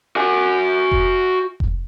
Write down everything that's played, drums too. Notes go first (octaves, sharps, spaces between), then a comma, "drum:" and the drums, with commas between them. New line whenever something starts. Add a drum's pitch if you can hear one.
F#4 G#5
drum: kick F1
drum: kick F1